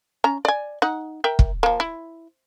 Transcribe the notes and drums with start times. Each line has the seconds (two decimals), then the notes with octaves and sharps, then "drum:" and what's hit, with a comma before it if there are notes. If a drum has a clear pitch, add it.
0.24 C#4 A#5
0.45 D5 G#5
0.82 D#4 F#5
1.24 A#4 E5 G5
1.39 drum: kick
1.63 F3 A#3
1.80 E4